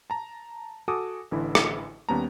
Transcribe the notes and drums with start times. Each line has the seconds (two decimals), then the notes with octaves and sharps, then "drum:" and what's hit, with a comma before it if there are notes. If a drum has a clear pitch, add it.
0.10 A5 A#5
0.88 F#4 A4 G#5 D6 D#6
1.31 A1 D3 E3 E4
1.55 drum: rim click
2.09 D#2 G3 B3 C#4 A5 A#5